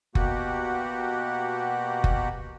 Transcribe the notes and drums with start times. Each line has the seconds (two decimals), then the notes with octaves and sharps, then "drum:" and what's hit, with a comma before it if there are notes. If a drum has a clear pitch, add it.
0.15 B2 A#3 F#4 G4 F#5, drum: kick F#1
2.04 drum: kick F#1